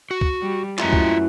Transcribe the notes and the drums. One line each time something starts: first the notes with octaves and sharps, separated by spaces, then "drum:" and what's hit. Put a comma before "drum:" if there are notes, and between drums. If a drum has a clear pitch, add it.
F#4
drum: kick C#2
G3
F#2 E3 A3 F4 B4 E5 A#5, drum: clap
drum: kick C#2